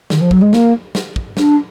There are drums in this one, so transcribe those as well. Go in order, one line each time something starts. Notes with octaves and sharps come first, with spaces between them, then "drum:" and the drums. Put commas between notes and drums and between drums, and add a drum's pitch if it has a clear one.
D#3, drum: snare
F3
F#3, drum: kick
G#3
A#3, drum: snare
drum: snare
drum: kick
D4, drum: snare